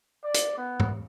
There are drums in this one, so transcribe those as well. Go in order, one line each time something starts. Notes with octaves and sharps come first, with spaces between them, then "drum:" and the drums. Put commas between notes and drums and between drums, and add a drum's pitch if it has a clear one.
D5
drum: hi-hat
B3
drum: tom G#2